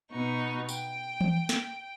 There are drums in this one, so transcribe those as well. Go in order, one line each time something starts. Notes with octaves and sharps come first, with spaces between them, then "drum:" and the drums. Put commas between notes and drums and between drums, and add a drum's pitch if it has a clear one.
B2 B3 D#4 C#6
G5, drum: tambourine
drum: tom E3
drum: snare